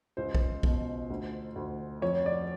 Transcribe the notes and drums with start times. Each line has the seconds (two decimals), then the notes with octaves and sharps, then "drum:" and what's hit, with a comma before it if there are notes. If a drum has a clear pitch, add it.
0.17 C#2 C5
0.35 drum: kick A#1
0.63 B2, drum: kick A#1
1.10 D2
1.56 D2
2.02 F2 C#5
2.26 D5